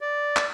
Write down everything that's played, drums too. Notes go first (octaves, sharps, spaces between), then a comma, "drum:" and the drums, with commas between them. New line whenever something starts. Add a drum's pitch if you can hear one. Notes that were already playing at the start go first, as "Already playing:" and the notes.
D5
drum: clap